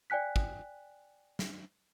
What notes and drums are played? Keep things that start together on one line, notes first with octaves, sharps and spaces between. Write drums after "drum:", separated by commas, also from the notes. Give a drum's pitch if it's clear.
D5 G5 G#5 F#6 B6
drum: kick
drum: snare